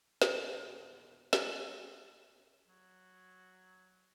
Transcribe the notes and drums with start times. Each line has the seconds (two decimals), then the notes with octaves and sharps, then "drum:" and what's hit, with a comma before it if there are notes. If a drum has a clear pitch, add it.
0.22 A#1 E2 G#2 B2 D3 D#3, drum: snare
1.33 drum: snare
2.68 F#3